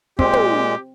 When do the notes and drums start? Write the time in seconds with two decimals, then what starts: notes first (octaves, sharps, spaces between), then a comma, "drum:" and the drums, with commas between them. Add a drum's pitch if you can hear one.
0.19 A#2 G#3 C4 G4, drum: kick
0.33 drum: tom